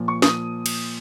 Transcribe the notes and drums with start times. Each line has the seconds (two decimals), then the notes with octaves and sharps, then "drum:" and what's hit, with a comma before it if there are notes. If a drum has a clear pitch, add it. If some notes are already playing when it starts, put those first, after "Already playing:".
Already playing: A#2 F3
0.08 C#6
0.22 D#6, drum: snare
0.66 drum: cymbal